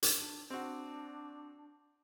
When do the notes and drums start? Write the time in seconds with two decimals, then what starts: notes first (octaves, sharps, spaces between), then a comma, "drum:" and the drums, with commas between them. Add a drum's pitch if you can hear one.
0.03 drum: hi-hat
0.13 D4
0.50 C4 D4 F#4